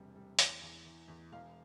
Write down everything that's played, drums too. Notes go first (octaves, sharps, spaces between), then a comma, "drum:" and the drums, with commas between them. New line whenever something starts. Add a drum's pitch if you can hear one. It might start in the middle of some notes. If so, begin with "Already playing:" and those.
Already playing: E1 C3 G3
G3
E2, drum: hi-hat
E2
E3
E2
E1 F5